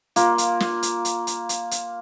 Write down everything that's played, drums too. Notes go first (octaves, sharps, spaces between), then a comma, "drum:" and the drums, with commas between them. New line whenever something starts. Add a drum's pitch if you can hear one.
A#3 F4, drum: hi-hat
drum: hi-hat
drum: snare
drum: hi-hat
drum: hi-hat
drum: hi-hat
drum: hi-hat
drum: hi-hat